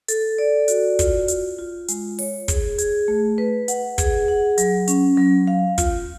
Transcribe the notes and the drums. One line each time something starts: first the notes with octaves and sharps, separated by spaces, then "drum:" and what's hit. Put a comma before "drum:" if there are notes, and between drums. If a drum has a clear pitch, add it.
A4, drum: hi-hat
D5
F#4, drum: hi-hat
F4, drum: kick, hi-hat
F4, drum: hi-hat
F4
G#3, drum: hi-hat
C#5, drum: open hi-hat
G#4, drum: kick, hi-hat
G#4, drum: hi-hat
A3
B4
F#5, drum: hi-hat
G#4, drum: kick, hi-hat
F#5
F#3, drum: hi-hat
C#4, drum: hi-hat
F#3
F5
F4, drum: kick, hi-hat